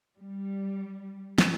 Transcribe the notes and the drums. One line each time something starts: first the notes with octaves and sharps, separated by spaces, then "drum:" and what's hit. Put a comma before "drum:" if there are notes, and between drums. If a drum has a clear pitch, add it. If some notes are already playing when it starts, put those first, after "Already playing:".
G3
drum: snare